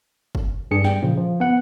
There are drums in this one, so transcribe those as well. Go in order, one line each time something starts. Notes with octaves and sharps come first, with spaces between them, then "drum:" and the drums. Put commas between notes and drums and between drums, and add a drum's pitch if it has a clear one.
drum: kick F#1
G2 G#4 C#7
G3 G5, drum: snare
A#2 C#3 F3
F3
B3 F#5